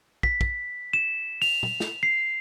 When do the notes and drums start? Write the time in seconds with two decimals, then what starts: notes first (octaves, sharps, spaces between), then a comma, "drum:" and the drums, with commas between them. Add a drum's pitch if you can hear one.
0.23 B6, drum: kick
0.41 drum: kick
0.93 E7
1.42 F7, drum: open hi-hat
1.63 drum: tom
1.80 drum: snare
2.03 C7